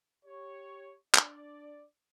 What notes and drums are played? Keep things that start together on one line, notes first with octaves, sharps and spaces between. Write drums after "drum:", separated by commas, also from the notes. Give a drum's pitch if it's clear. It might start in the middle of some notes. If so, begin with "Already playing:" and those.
G4 C#5
D4 D5, drum: clap